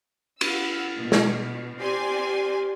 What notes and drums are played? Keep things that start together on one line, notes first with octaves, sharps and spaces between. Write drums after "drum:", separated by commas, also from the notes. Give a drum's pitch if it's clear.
F5 F#5 B5 E6, drum: cymbal
B2
drum: snare
C4 G4 D5 G#5 C6